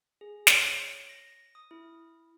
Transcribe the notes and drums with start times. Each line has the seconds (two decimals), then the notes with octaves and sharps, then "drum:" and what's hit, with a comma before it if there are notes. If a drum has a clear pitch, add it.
0.21 G#4
0.47 C#5, drum: snare
1.09 A#6
1.55 D#6
1.71 E4